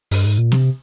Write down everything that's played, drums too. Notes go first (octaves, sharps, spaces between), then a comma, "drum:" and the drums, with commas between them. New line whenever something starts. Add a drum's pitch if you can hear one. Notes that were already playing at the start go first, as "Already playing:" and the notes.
G2, drum: open hi-hat
G#2
A#2
C3, drum: snare